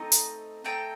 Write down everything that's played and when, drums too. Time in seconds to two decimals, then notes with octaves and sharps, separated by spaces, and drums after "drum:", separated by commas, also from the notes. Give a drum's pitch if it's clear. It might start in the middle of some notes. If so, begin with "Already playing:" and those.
Already playing: A3 C4 D#4 D#5
0.12 drum: hi-hat
0.65 A3 C4 D#4 G5